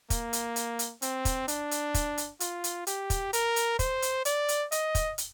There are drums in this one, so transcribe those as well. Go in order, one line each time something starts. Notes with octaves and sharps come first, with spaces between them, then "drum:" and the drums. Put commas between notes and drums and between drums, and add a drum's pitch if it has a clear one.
A#3, drum: kick, hi-hat
drum: hi-hat
drum: hi-hat
drum: hi-hat
C4, drum: hi-hat
drum: kick, hi-hat
D4, drum: hi-hat
drum: hi-hat
drum: kick, hi-hat
drum: hi-hat
F4, drum: hi-hat
drum: hi-hat
G4, drum: hi-hat
drum: kick, hi-hat
A#4, drum: hi-hat
drum: hi-hat
C5, drum: kick, hi-hat
drum: hi-hat
D5, drum: hi-hat
drum: hi-hat
D#5, drum: hi-hat
drum: kick, hi-hat
drum: hi-hat